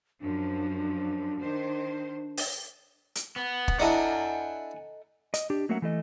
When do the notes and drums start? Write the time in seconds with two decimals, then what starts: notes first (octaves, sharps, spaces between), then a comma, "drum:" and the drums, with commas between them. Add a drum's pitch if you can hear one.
0.21 F#2 F3 D4
1.39 D#3 C5
2.37 drum: open hi-hat
3.15 drum: hi-hat
3.36 B3
3.68 drum: kick
3.80 D4 E4 A4 D#5 F#5 G#5 A#5
5.34 D#5, drum: hi-hat
5.50 D4 G4
5.69 F#3 A3 A#3 C#4 E5 F#5
5.82 E3 A3 D#5